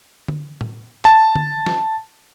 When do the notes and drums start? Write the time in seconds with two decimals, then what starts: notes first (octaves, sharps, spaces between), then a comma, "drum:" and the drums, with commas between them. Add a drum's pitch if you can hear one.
0.28 drum: tom D3
0.61 drum: tom A2
1.05 A5, drum: clap
1.35 drum: tom D3
1.66 drum: snare